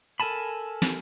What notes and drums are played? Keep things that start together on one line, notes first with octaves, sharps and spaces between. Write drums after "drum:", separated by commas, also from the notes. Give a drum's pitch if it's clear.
A4 A#4 G#5 A5 B5
drum: snare